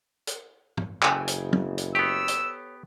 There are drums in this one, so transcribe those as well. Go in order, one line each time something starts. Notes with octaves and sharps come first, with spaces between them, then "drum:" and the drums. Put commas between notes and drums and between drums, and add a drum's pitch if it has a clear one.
drum: hi-hat
drum: tom
F#1 C#3 G5 G#5, drum: clap
drum: hi-hat
drum: tom
drum: hi-hat
B3 G4 A4 C#5 E6
drum: hi-hat